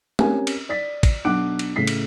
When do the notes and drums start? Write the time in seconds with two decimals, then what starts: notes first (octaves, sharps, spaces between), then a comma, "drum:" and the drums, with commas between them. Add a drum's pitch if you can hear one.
0.19 C4 C#4 G4 A#4 G#5, drum: tom
0.47 drum: cymbal
0.69 D5 A6 B6
1.03 drum: kick, cymbal
1.25 B1 D4 F#5 D6 F#6 D7
1.59 drum: cymbal
1.76 A2 C#3 B6 C7
1.87 drum: cymbal